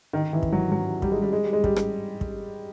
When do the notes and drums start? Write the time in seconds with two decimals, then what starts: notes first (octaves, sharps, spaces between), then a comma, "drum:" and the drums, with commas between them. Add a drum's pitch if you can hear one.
0.13 D#3
0.33 E3
0.43 drum: kick
0.52 F#3
0.72 F#3
1.02 G3, drum: kick
1.12 G#3
1.22 G3
1.33 G#3
1.44 G3
1.53 G#3
1.64 G3, drum: kick
1.76 drum: rim click
2.21 drum: kick